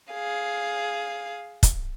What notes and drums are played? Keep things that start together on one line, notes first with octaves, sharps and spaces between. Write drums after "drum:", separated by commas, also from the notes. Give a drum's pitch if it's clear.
G#4 F5
drum: kick, hi-hat